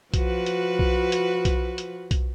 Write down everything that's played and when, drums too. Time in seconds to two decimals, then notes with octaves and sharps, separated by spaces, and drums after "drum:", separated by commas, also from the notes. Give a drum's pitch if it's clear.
0.14 F3 F#4 B4, drum: kick B1, hi-hat
0.46 drum: hi-hat
0.79 drum: kick B1
1.12 drum: hi-hat
1.45 drum: kick B1, hi-hat
1.78 drum: hi-hat
2.11 drum: kick B1, hi-hat